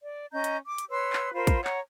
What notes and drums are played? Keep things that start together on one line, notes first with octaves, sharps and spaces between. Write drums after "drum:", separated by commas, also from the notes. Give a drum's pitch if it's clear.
D5
C#4 D#5 A#5 G6
drum: hi-hat
D6
drum: hi-hat
B4 C#5 C6 E6
drum: clap
F4 A#4 C5 B5
drum: kick, hi-hat
C#5 F#5 A#5, drum: clap